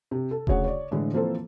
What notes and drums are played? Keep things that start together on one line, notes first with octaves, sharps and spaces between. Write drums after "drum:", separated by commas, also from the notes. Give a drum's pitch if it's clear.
C3
A4
D2 C#3 G#4 C#5 F#5, drum: kick E1
C#5 D5
A2 D3 E3 G#3
E3 F3 A#3 C4 A4 C5